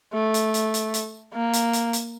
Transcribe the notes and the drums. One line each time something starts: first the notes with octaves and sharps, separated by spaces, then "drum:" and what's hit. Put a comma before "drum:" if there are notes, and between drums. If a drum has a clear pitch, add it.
A3
drum: hi-hat
drum: hi-hat
drum: hi-hat
drum: hi-hat
A#3
drum: hi-hat
drum: hi-hat
drum: hi-hat